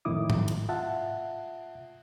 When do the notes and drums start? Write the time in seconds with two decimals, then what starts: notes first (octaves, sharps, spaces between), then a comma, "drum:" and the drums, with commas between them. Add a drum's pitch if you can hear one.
0.05 F2 A2 D#3 E4 D6 D#6
0.30 drum: tom G#2
0.48 drum: cymbal
0.69 F4 E5 F#5 A5